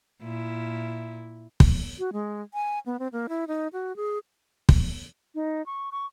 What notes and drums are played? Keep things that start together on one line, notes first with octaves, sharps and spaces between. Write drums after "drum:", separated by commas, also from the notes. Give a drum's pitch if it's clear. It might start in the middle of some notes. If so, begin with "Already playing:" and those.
A#2 E4
drum: kick
F#4
G#3
G#5
B3
C4
A#3
E4
D#4
F#4
G#4
drum: kick
D#4
C#6
C#6